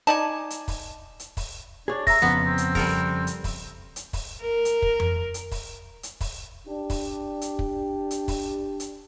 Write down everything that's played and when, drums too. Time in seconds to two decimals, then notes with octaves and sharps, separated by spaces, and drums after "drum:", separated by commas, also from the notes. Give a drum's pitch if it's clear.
0.07 D#4 D5 G#5 A5
0.50 drum: hi-hat
0.68 drum: kick, open hi-hat
1.20 drum: hi-hat
1.37 drum: kick, open hi-hat
1.88 D4 G#4 C#5
2.07 E5 A#5 A#6, drum: kick, open hi-hat
2.22 F2 C#3 F3 B3
2.44 C4
2.58 drum: hi-hat
2.75 G3 A4 A#4, drum: kick, open hi-hat
3.27 drum: hi-hat
3.44 drum: kick, open hi-hat
3.96 drum: hi-hat
4.13 drum: kick, open hi-hat
4.41 A#4
4.65 drum: hi-hat
4.82 drum: kick
5.00 drum: tom F2
5.34 drum: hi-hat
5.51 drum: kick, open hi-hat
6.03 drum: hi-hat
6.21 drum: kick, open hi-hat
6.67 D4 G4
6.90 drum: kick, open hi-hat
7.41 drum: hi-hat
7.59 drum: kick
8.11 drum: hi-hat
8.28 drum: kick, open hi-hat
8.80 drum: hi-hat